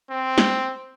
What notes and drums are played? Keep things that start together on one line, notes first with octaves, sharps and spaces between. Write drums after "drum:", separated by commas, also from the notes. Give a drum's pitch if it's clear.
C4
drum: snare